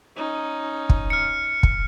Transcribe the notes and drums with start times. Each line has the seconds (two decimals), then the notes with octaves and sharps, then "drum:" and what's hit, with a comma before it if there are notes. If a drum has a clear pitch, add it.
0.16 C#4 D#4
0.89 drum: kick
1.10 F6 C#7
1.63 drum: kick